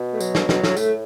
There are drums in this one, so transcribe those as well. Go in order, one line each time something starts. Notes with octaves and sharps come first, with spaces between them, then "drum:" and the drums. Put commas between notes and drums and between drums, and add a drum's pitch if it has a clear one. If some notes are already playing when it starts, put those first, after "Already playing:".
Already playing: B2
A3
F#3, drum: tambourine
drum: snare
B2, drum: snare
A2, drum: snare
A2 A3, drum: tambourine